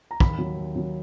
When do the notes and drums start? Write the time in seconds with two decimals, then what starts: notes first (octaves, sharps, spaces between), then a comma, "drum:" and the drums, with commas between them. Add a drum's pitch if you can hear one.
0.11 A#5
0.20 D#2 B5, drum: kick
0.39 F#3
0.57 D#2
0.76 F#3